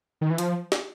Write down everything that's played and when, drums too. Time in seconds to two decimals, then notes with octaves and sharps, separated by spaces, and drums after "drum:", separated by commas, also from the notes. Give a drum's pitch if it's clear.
0.21 D#3
0.30 E3
0.38 F3, drum: hi-hat
0.72 drum: snare